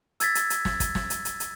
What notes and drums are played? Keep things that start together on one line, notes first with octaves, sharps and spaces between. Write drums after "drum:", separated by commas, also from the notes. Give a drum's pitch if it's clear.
E6 G#6 A6 B6, drum: hi-hat
drum: hi-hat
drum: hi-hat
drum: snare
drum: kick, hi-hat
drum: snare
drum: hi-hat
drum: hi-hat
drum: hi-hat